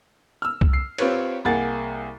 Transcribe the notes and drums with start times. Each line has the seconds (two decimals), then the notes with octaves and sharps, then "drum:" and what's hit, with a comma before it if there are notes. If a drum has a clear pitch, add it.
0.42 E6 F6
0.61 drum: kick C2
0.73 C7
0.98 C4 F4 G4 B4 C#5, drum: cymbal
1.45 C2 A#3 G#4 F#5 A6